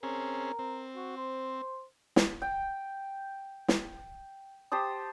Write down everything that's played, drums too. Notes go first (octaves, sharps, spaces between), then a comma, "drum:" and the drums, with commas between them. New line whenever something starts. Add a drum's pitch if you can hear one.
C4 C#4 G#4 A#4
C4
F#4
C5
drum: snare
G5
drum: snare
G4 C5 A5 D#6